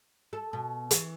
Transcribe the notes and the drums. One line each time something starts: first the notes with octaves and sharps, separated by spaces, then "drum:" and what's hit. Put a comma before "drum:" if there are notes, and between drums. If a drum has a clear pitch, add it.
A4
B2
E3, drum: hi-hat